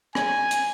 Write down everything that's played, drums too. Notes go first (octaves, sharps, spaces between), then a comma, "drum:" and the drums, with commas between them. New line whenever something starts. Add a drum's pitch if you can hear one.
G#5, drum: rim click
drum: hi-hat